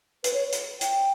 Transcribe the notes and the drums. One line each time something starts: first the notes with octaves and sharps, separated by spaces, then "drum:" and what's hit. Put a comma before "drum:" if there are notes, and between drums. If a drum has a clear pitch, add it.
B4, drum: hi-hat
C#5
drum: hi-hat
G5, drum: hi-hat